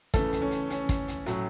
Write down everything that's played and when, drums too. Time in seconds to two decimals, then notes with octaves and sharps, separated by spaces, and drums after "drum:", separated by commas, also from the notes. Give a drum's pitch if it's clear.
0.14 C#3 E3 A3 A4, drum: kick, hi-hat
0.32 drum: hi-hat
0.42 C#4
0.51 drum: hi-hat
0.70 C#4, drum: hi-hat
0.89 drum: kick, hi-hat
1.08 drum: hi-hat
1.26 A2 F#3 A3, drum: hi-hat